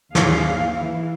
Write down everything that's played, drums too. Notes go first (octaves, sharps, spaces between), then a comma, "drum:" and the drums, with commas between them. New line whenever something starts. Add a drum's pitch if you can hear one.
D#2 G#4 F5, drum: snare
E3 E4